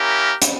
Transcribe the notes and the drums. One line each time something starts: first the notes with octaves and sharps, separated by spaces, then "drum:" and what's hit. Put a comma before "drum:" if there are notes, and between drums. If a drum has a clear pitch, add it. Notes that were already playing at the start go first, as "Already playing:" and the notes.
Already playing: A#3 C#4 E4 G4 A#4
drum: hi-hat